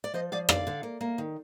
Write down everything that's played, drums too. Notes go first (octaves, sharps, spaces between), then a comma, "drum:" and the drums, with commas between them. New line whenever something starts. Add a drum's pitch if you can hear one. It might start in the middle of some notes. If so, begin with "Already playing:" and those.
D5
F3 C5 D#5
F3 D5 F5
D3 D5 F5, drum: rim click
D3
A#3
A#3
D#3